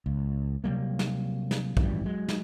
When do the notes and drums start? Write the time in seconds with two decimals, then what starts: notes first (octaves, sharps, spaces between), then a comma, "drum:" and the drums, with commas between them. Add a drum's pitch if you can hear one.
0.06 C#2
0.64 C3 F#3 G3 A#3
0.99 drum: snare
1.51 drum: snare
1.77 G#1 F#2 E3 G3, drum: kick
2.04 F#3 G#3
2.28 drum: snare